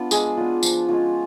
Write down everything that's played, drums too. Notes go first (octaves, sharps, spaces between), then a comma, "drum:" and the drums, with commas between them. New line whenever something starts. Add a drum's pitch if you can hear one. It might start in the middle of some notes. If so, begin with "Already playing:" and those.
Already playing: B3 D4 F4
G#3 G#4, drum: tambourine
B3 D4 F4
F3, drum: tambourine
G#3 C#4 F4